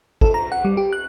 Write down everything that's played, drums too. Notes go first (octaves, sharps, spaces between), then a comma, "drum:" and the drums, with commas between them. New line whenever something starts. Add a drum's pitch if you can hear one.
A4, drum: kick, cymbal
A#5
F#5
G3
G4
F#6